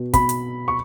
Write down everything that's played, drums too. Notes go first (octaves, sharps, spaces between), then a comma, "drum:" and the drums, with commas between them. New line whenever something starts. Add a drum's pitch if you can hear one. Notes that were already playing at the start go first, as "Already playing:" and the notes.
Already playing: B2
B2 B5, drum: kick, hi-hat
drum: hi-hat
C#6